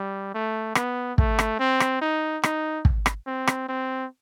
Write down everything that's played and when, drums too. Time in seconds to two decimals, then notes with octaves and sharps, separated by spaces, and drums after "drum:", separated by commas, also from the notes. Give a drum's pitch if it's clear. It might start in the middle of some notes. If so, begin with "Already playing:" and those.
Already playing: G3
0.34 A3
0.75 B3, drum: rim click
1.18 A3, drum: kick
1.39 drum: rim click
1.59 C4
1.80 drum: rim click
2.01 D#4
2.43 D#4, drum: rim click
2.85 drum: kick
3.06 drum: rim click
3.27 C4
3.47 drum: rim click
3.68 C4